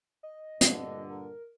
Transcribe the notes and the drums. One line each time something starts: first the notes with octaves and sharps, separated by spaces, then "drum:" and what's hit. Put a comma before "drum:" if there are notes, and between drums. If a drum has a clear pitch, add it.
D#5
G2 A#2 D3, drum: hi-hat
A#4